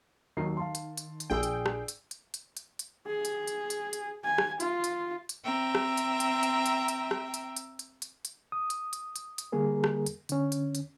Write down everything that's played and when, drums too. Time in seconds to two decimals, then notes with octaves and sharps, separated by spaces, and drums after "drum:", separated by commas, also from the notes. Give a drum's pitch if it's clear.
0.37 D#2 D#3 F#3 C7
0.57 F5 A5 C6
0.75 drum: hi-hat
0.97 drum: hi-hat
1.20 drum: hi-hat
1.30 A#1 A#2 D4 G#4 G5 E6
1.43 drum: hi-hat
1.66 drum: rim click
1.88 drum: hi-hat
2.11 drum: hi-hat
2.34 drum: hi-hat
2.57 drum: hi-hat
2.79 drum: hi-hat
3.07 G#4
3.25 drum: hi-hat
3.47 drum: hi-hat
3.70 drum: hi-hat
3.93 drum: hi-hat
4.24 G#5
4.38 drum: rim click
4.60 F4, drum: hi-hat
4.84 drum: hi-hat
5.29 drum: hi-hat
5.44 C4 E5 G5 A#5
5.75 drum: rim click
5.97 drum: hi-hat
6.20 drum: hi-hat
6.43 drum: hi-hat
6.66 drum: hi-hat
6.88 drum: hi-hat
7.11 drum: rim click
7.34 drum: hi-hat
7.56 drum: hi-hat
7.79 drum: hi-hat
8.02 drum: hi-hat
8.25 drum: hi-hat
8.52 D#6
8.70 drum: hi-hat
8.93 drum: hi-hat
9.16 drum: hi-hat
9.38 drum: hi-hat
9.52 D3 G3 A#3 G#4 A#4
9.84 drum: rim click
10.06 drum: hi-hat
10.29 D3 C#4, drum: hi-hat
10.52 drum: hi-hat
10.75 drum: hi-hat